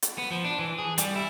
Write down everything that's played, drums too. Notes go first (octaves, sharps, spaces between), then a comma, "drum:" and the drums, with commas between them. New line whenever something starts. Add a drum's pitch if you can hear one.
drum: hi-hat
B3
F3
D4
E3
G#4
G3, drum: hi-hat
E4